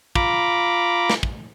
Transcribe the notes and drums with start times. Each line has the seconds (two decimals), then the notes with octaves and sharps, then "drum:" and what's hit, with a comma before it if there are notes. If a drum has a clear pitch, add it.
0.15 F4 A#5 B5 D6, drum: kick
1.10 drum: snare
1.23 drum: kick